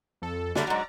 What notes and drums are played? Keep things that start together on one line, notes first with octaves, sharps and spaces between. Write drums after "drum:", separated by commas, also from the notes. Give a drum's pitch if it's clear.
F2 A4
D3 G3 A3 D5 A#5, drum: snare
G#2 F#3